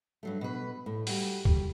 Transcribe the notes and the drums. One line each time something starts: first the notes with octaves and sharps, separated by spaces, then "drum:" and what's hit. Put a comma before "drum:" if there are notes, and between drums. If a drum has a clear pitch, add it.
G2 F#3 A3
B2 B4
A2
G3 F#4, drum: open hi-hat
G3, drum: kick